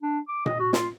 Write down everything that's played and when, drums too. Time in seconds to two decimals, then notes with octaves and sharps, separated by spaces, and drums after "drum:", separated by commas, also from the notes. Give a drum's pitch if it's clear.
0.03 D4
0.28 D6
0.46 D#5, drum: tom A#2
0.59 F#4
0.73 F4, drum: snare